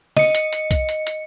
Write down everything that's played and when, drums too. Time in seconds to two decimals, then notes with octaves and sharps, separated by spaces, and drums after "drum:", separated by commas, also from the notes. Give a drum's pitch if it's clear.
0.17 D#5 C#7, drum: snare
0.35 drum: hi-hat
0.53 drum: hi-hat
0.71 drum: kick B1, hi-hat
0.89 drum: hi-hat
1.07 drum: hi-hat